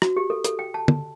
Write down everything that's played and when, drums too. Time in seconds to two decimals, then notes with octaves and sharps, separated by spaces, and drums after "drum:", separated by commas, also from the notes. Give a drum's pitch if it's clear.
0.02 F#4, drum: rim click
0.17 G4
0.30 A4
0.44 A4, drum: hi-hat
0.59 G5
0.74 A5
0.88 drum: tom